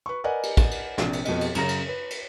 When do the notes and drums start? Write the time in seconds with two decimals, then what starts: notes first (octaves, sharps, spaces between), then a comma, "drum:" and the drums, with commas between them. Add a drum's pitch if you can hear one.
0.06 B4 C#6
0.24 A#4 B4 D5 D#5 F#5 G#5
0.43 drum: cymbal
0.57 drum: kick, cymbal
0.71 drum: cymbal
0.98 A#1 C3, drum: snare
1.13 drum: cymbal
1.25 F2 B2 D#5, drum: cymbal
1.41 drum: cymbal
1.55 F#2 C#3 A#5 A#6, drum: cymbal
1.69 drum: cymbal
1.88 B4
2.11 drum: cymbal